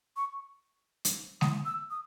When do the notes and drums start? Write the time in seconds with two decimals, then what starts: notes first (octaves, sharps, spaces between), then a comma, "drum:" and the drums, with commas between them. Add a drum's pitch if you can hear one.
0.16 C#6
1.05 drum: hi-hat
1.41 D#6, drum: snare
1.65 E6
1.91 D#6